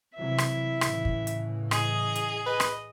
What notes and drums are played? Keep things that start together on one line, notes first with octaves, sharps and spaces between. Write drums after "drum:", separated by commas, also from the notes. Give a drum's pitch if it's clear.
C3 E3 F#3 E4 E5
drum: rim click
A2 C#3 E3, drum: rim click
drum: kick
drum: hi-hat
G#4 D#5, drum: rim click
drum: hi-hat
B4 D#5
drum: rim click